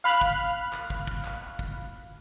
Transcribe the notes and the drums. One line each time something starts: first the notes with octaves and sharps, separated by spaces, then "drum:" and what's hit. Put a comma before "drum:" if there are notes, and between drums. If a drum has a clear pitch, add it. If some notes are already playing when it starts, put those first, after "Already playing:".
F5 B5 F6 F#6
drum: kick
drum: clap
drum: kick
drum: kick
drum: clap
drum: kick